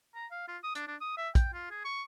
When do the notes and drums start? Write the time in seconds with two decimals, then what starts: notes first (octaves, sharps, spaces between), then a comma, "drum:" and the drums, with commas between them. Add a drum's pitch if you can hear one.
0.15 A#5
0.31 F5
0.48 F4
0.63 D#6
0.75 D4, drum: hi-hat
0.87 D4
1.01 D#6
1.17 E5
1.35 G5, drum: kick, hi-hat
1.53 F4
1.71 G#4
1.85 C#6